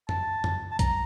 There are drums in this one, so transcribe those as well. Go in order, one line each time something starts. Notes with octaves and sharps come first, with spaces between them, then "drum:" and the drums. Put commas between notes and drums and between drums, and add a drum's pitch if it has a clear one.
A5, drum: tom F#2
drum: tom F#2
A5
A#5, drum: kick B1, hi-hat